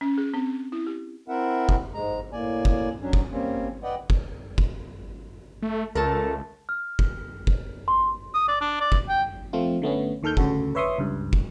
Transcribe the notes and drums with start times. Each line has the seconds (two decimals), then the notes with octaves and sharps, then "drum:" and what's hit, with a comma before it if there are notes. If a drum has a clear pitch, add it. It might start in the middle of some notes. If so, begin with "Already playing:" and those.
0.01 C#4
0.18 G#4
0.34 C4
0.72 E4
0.87 G4
1.28 C4 E4 A#4 E5 F#5
1.69 drum: kick
1.94 G#2 G#3 A#5
2.32 A2 A#3 D5 G#5
2.65 drum: kick
3.01 F#3 C#4 D4
3.13 drum: kick
3.31 G3 A#3 C4 C#4
3.83 B4 D5 D#5 F#5 G5
4.10 drum: kick
4.58 drum: kick
5.63 A3
5.95 C#2 A3 A4 A#4 A5
6.69 F6
6.99 drum: kick
7.47 drum: kick
7.88 C6
8.34 D#6
8.48 D5
8.61 D4
8.80 D5
8.92 drum: kick
9.09 G5
9.53 F3 A3 C4 F4
9.82 D3 A3 B3 C#4
10.23 D#2 D#3 A4 F6 G6
10.37 D2 C#3 F#4 A4, drum: kick
10.75 B4 C#5 E5 C6 C#6 D#6
10.98 C#2 G2
11.33 drum: kick